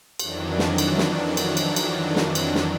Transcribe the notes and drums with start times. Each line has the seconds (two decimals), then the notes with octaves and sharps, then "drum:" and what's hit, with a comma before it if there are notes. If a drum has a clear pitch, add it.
0.19 F2 D#3 E3 F#3 D4, drum: cymbal
0.59 drum: snare
0.78 drum: cymbal
0.98 drum: snare
1.37 drum: cymbal
1.57 drum: cymbal
1.76 drum: cymbal
2.16 drum: snare
2.35 drum: cymbal
2.55 drum: snare